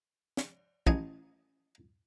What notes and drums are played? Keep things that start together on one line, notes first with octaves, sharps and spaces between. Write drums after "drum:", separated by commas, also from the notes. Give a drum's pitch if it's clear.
drum: snare
A1 D#5 G#5, drum: kick